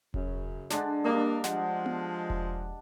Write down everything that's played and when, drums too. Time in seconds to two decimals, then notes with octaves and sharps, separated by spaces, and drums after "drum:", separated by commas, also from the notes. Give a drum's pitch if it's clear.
0.14 F#2 C#3, drum: kick E1
0.70 D3 G#3 D4, drum: snare
1.04 G3 A#3 D4 D#5
1.44 F3 G#3 F#5, drum: snare
1.86 drum: tom B3
2.30 drum: kick E1